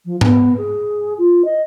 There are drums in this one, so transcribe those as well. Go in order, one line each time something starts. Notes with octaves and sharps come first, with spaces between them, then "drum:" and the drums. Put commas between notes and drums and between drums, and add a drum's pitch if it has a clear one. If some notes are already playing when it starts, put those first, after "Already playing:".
F3
B3, drum: tom G#2
G#4
F4
D#5